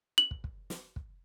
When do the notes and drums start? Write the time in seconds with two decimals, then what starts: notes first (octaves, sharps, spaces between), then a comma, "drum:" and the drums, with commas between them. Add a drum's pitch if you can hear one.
0.18 F#7
0.31 drum: kick
0.44 drum: kick
0.70 drum: snare
0.96 drum: kick